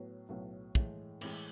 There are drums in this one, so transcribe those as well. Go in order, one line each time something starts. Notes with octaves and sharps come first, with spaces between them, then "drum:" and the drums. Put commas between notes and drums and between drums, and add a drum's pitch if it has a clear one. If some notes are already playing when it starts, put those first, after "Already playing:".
Already playing: A2 F#3 B3
B1 A2 F#3 B3
A2 E3 G#3, drum: kick
A2 E3 G#3, drum: cymbal